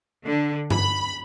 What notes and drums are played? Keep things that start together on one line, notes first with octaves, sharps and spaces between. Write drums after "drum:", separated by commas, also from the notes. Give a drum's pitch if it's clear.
D3
B5, drum: tom G2